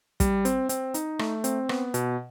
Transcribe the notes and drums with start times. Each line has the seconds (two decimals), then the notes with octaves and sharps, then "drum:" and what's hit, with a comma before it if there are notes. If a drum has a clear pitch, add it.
0.20 G3, drum: kick, hi-hat
0.45 C4, drum: hi-hat
0.69 C4, drum: hi-hat
0.94 D#4, drum: hi-hat
1.19 A3, drum: rim click
1.44 C4, drum: hi-hat
1.69 B3, drum: rim click
1.94 B2, drum: hi-hat